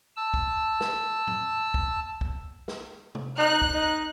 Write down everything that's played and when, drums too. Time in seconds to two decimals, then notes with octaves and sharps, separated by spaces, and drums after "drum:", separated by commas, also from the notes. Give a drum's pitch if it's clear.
0.16 A5 E6
0.34 drum: kick
0.81 drum: snare
1.27 drum: tom
1.74 drum: kick
2.21 drum: kick
2.68 drum: snare
3.15 drum: tom
3.38 D#4 F#6
3.62 drum: kick
3.74 D#4